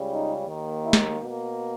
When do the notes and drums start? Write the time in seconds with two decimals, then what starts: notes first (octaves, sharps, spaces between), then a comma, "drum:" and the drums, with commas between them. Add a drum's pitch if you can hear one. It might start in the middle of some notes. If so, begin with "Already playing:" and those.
Already playing: C#2 C#3 G3
0.09 D#4
0.46 D#2 D#3 A#3
0.84 E4
0.93 drum: snare
1.23 B2 A#3